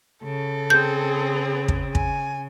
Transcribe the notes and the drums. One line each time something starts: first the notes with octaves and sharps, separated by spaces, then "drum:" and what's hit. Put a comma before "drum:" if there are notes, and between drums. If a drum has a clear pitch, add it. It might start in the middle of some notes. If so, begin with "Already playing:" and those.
C#3 A4
C4 G#4 G6
drum: kick
G#5, drum: kick